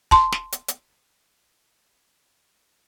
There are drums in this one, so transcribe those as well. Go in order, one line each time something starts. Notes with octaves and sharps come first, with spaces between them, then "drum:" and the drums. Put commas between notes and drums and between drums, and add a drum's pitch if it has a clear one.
A5 C6, drum: kick
drum: snare
drum: hi-hat
drum: hi-hat